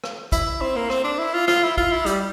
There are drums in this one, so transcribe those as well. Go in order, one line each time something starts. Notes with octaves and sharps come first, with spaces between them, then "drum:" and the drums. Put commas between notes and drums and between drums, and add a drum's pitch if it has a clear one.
drum: rim click
E4, drum: kick, hi-hat
C4
A#3
C4, drum: rim click
D4
E4
F4
F4, drum: rim click
E4
F4, drum: kick
E4
G3, drum: hi-hat